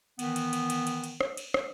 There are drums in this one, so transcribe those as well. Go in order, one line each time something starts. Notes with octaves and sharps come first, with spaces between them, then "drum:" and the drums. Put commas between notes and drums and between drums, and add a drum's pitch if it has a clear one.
D#3 E3 B3, drum: cymbal
drum: cymbal
drum: cymbal
drum: cymbal
drum: cymbal
drum: cymbal
drum: rim click
drum: cymbal
drum: rim click